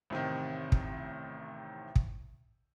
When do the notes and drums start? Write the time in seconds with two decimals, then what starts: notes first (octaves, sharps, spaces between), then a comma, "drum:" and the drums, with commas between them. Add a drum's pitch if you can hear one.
0.10 A1 C3 D#3
0.72 drum: kick
1.96 drum: kick